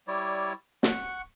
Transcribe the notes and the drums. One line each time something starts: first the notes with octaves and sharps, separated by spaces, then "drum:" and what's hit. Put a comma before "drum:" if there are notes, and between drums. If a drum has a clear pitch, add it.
G3 E4 C#5 D5
F#5 C#6, drum: snare